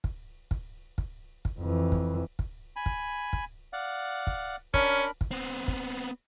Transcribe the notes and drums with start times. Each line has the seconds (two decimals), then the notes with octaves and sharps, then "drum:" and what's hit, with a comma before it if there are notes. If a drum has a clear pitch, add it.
0.04 drum: kick
0.51 drum: kick
0.98 drum: kick
1.45 drum: kick
1.60 F2 E3
1.92 drum: kick
2.39 drum: kick
2.76 G#5 B5
2.86 drum: kick
3.33 drum: kick
3.73 D5 F5 F#5
4.27 drum: kick
4.74 C#4 D4 A#4 B5, drum: kick
5.21 drum: kick
5.31 B3 C4
5.68 drum: kick